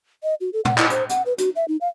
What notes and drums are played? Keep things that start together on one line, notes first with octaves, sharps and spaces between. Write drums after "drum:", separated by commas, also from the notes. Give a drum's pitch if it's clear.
D#5
F#4
A4
F#5, drum: tom
E4, drum: clap
C5, drum: hi-hat
F#5, drum: hi-hat
B4
F#4, drum: hi-hat
E5
D#4
F5